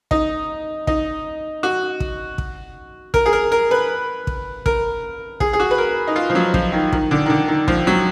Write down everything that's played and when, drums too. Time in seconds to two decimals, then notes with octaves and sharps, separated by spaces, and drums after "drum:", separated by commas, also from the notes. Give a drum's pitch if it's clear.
0.11 D#4, drum: kick
0.87 D#4, drum: kick
1.63 F#4
2.00 drum: kick
2.38 drum: kick
3.14 A#4, drum: kick
3.26 G#4
3.33 A#4
3.52 A#4
3.71 B4
4.27 drum: kick
4.66 A#4, drum: kick
5.40 G#4, drum: kick
5.53 G#4
5.60 F#4
5.71 B4
5.78 A#4
6.07 D#4
6.16 F4
6.30 F3
6.35 F#3
6.54 F3, drum: kick
6.73 D#3
6.92 D#3, drum: kick
7.11 D3
7.26 D#3
7.30 D3
7.48 D#3
7.68 F3, drum: kick
7.87 F#3